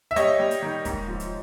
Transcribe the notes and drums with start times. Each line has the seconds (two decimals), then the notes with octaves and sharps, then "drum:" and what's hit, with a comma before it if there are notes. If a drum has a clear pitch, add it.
0.11 E5
0.16 G3 C#5 D#5, drum: hi-hat
0.39 G3
0.51 drum: hi-hat
0.62 D#3
0.85 G#2, drum: kick, hi-hat
1.08 F3
1.20 drum: hi-hat